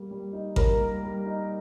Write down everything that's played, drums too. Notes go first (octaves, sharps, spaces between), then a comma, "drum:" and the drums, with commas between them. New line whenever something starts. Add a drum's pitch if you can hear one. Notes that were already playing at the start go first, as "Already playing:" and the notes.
Already playing: G3 A#3
G3
D#4
A#3 A#4, drum: kick A1
G3
G3
D#4